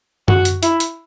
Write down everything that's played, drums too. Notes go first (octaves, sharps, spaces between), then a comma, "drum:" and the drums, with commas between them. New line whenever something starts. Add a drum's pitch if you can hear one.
F#4, drum: tom F#2
drum: hi-hat
E4, drum: hi-hat
drum: hi-hat